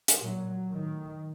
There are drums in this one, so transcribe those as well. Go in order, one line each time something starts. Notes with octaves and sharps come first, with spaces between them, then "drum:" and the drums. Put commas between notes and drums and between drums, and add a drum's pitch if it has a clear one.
drum: hi-hat
A#2 F#3
A2 D#3